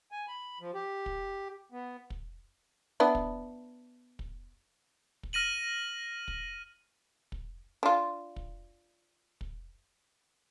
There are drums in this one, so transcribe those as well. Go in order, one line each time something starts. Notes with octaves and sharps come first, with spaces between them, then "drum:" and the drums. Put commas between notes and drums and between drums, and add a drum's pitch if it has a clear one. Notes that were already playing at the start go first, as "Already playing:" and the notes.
G#5
B5
F3
G4
drum: kick
B3
drum: kick
B3 D4 E4
drum: kick
drum: kick
drum: kick
F6 A#6 D#7 F#7
drum: kick
drum: kick
D4 F4
drum: kick
drum: kick